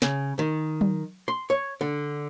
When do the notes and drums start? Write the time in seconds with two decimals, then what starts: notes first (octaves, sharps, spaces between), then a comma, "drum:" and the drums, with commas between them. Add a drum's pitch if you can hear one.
0.02 C#3, drum: snare
0.39 D#3
0.81 drum: tom F#3
1.28 C6
1.50 C#5
1.81 D3